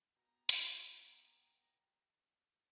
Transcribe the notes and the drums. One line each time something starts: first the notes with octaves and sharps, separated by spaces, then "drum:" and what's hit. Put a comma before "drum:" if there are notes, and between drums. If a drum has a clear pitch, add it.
B2 B3 G5 A#5
drum: hi-hat